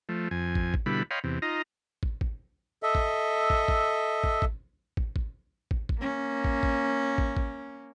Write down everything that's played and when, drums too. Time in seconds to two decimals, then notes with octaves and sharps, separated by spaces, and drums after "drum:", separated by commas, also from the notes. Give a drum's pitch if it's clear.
0.09 F3 A3
0.31 F2 G#5
0.55 drum: kick
0.74 drum: kick
0.86 B2 D3 G3 E4 B5
1.11 C#5 D#5 F5 G5 B5 C6
1.24 E2 C3
1.42 D#4 F4 D#5 A#5
2.03 drum: kick
2.21 drum: kick
2.83 A4 D#5 E5
2.95 drum: kick
3.50 drum: kick
3.68 drum: kick
4.24 drum: kick
4.42 drum: kick
4.97 drum: kick
5.16 drum: kick
5.71 drum: kick
5.89 drum: kick
5.98 A#3 C#4
6.45 drum: kick
6.63 drum: kick
7.18 drum: kick
7.37 drum: kick